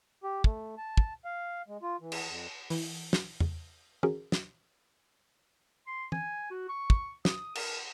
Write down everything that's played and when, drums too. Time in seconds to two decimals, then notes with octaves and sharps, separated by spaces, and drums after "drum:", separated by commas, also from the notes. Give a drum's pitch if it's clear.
0.23 G4
0.44 A3, drum: kick
0.78 A5
0.97 drum: kick
1.25 F5
1.68 G#3
1.82 F4
2.01 E3
2.12 drum: cymbal
2.29 F2
2.70 E3, drum: open hi-hat
3.13 drum: snare
3.40 drum: tom E2
4.03 C#4 F#4 G#4 A#4, drum: tom
4.32 drum: snare
5.87 C6
6.12 G#5, drum: tom
6.51 F#4
6.69 C#6
6.90 drum: kick
7.25 D#6, drum: snare
7.55 A#4, drum: cymbal